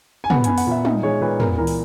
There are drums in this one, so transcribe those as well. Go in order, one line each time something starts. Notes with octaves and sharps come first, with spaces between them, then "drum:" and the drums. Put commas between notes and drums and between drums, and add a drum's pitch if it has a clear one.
G#5
B3 F#5, drum: tom
G#5, drum: hi-hat
B3
F#5, drum: open hi-hat
A#2 E5
D#4 E5, drum: tom
G#3 C#5
A#2 B4
B3 A#4, drum: tom
E3 A#4
drum: open hi-hat